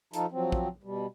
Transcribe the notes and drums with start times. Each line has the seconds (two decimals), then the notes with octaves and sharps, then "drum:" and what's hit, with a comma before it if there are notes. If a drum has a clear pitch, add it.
0.13 F3 D#4 F4 A4, drum: hi-hat
0.32 F3 F#3 C4
0.52 drum: kick
0.83 B2 G3